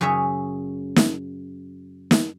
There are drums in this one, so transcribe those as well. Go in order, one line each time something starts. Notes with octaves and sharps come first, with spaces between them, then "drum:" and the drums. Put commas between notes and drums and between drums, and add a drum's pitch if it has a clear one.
F#2 C#3 G#4 C#5 E5
drum: snare
drum: snare